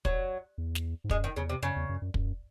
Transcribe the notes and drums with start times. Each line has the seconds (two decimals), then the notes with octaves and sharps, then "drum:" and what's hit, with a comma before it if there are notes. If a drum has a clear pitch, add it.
0.05 F#3, drum: kick
0.58 E2
0.75 drum: snare
1.04 G#2
1.10 F#2 G#3, drum: kick
1.24 D#3
1.36 E2 C#3
1.49 C3
1.62 F#2 C#3
1.76 E2
1.89 F#2
2.02 F#2
2.14 F#2, drum: kick